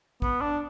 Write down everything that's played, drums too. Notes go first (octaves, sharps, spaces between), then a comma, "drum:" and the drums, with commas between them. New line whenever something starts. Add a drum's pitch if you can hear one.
B3, drum: kick
D4